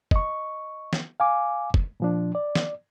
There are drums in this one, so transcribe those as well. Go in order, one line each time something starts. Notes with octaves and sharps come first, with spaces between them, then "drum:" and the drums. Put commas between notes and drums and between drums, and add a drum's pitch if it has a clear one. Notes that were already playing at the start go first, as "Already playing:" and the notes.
D#5 C#6, drum: kick
drum: snare
F5 G#5 D6
drum: kick
A#2 F3 D4
D5
drum: snare